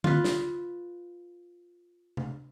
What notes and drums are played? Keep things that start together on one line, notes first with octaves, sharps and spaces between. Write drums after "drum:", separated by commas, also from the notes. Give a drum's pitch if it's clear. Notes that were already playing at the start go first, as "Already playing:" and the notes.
F4 B4, drum: tom D3
drum: snare
drum: tom C3